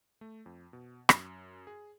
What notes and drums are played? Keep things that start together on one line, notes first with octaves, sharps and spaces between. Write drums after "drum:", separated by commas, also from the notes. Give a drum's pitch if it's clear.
A3
F2
B2
F#2, drum: rim click
G#4